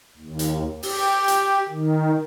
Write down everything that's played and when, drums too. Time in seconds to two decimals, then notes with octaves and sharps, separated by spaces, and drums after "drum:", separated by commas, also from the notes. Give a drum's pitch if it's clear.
0.17 D#2
0.39 drum: hi-hat
0.83 G4, drum: open hi-hat
1.28 drum: hi-hat
1.69 D#3